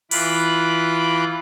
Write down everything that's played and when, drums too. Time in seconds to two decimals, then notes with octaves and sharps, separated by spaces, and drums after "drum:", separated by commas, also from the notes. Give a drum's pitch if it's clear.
0.11 E3 F4 B5 D6 F#6, drum: open hi-hat